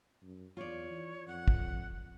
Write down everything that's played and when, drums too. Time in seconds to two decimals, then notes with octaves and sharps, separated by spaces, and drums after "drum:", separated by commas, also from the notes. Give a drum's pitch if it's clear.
0.23 F#2
0.57 E2 F4 C#5 D5
0.90 E3
1.28 F2 F#5
1.48 drum: kick